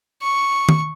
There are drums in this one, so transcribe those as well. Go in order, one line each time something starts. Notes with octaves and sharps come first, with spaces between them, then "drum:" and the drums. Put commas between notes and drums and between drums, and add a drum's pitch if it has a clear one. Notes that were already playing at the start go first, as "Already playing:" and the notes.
C#6
drum: tom